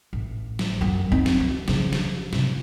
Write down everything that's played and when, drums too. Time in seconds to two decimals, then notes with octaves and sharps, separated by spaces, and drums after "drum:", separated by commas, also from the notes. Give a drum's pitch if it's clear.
0.13 A1
0.59 drum: snare
0.81 F#2 F#3
1.12 C4 D#4
1.26 drum: snare
1.40 E3
1.68 C#3 F3, drum: snare
1.93 drum: snare
2.33 C3, drum: snare